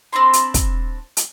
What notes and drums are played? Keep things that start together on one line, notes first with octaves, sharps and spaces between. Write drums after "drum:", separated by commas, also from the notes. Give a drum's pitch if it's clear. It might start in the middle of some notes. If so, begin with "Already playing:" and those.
C4 D4 B5 C6
drum: hi-hat
drum: kick, hi-hat
drum: hi-hat